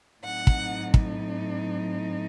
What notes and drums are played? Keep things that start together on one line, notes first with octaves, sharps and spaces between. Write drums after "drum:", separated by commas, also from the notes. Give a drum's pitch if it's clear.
A2 F#3 C4 D#4 F#5
drum: kick
drum: kick